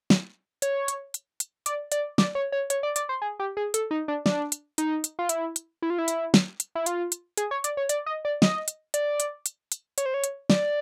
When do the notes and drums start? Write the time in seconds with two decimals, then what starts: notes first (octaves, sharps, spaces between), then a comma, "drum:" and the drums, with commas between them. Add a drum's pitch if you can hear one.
0.10 drum: snare
0.62 C#5, drum: hi-hat
0.88 drum: hi-hat
1.14 drum: hi-hat
1.40 drum: hi-hat
1.66 D5, drum: hi-hat
1.92 D5, drum: hi-hat
2.18 D5, drum: snare
2.35 C#5
2.52 C#5
2.70 C#5, drum: hi-hat
2.83 D5
2.96 D5, drum: hi-hat
3.09 C5
3.22 G#4
3.40 G4
3.57 G#4
3.74 A4, drum: hi-hat
3.91 D#4
4.08 D4
4.26 D4, drum: snare
4.52 drum: hi-hat
4.78 D#4, drum: hi-hat
5.04 drum: hi-hat
5.19 F4
5.29 E4, drum: hi-hat
5.56 drum: hi-hat
5.82 E4
5.90 F4
5.98 E4
6.08 drum: hi-hat
6.34 drum: snare
6.60 drum: hi-hat
6.75 E4
6.86 F4, drum: hi-hat
7.12 drum: hi-hat
7.37 G#4, drum: hi-hat
7.51 C#5
7.64 D5, drum: hi-hat
7.77 C#5
7.89 D5, drum: hi-hat
8.06 D#5
8.25 D5
8.42 D#5, drum: snare
8.68 drum: hi-hat
8.94 D5, drum: hi-hat
9.20 drum: hi-hat
9.46 drum: hi-hat
9.72 drum: hi-hat
9.98 C#5, drum: hi-hat
10.06 C5
10.14 C#5
10.24 drum: hi-hat
10.50 D5, drum: snare